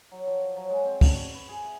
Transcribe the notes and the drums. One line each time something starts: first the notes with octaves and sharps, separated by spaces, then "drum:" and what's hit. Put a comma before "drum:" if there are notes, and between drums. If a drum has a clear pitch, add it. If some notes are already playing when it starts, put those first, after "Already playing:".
F#3
F3
F#3
G#3
C4
D4, drum: kick, open hi-hat
C#6
B4
G#4
E5